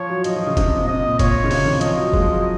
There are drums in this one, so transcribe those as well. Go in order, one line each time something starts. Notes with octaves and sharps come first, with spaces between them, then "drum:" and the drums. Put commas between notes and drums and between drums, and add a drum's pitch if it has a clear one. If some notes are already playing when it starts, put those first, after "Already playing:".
Already playing: F3 C#5
F#3
F3 D#5, drum: hi-hat
F3
C#3
C3, drum: kick F1, hi-hat
A#2
C3 D#5
A#2
A#2 C#5, drum: kick F1, hi-hat
C#3
C3, drum: open hi-hat
D#3
F3 D#5, drum: hi-hat
F#3
G#3, drum: kick F1
F3
F#3